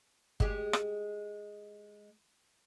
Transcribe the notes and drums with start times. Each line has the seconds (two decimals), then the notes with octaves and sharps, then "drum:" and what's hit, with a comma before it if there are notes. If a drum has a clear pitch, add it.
0.40 G#3 G4, drum: kick G1
0.73 drum: rim click